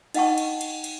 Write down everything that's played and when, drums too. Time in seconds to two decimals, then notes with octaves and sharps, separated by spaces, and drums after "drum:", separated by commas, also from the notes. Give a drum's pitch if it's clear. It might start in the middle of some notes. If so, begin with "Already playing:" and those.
0.14 D#4 D#5 F#5 G5 A5 C#6, drum: cymbal
0.38 drum: cymbal
0.61 drum: cymbal
0.84 drum: cymbal